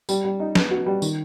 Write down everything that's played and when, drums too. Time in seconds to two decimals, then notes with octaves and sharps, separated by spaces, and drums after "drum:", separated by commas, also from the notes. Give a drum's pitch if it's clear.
0.09 G3, drum: tambourine
0.25 G3
0.40 D#4
0.55 B3, drum: snare
0.71 F#4
0.86 G3
1.02 D#3, drum: tambourine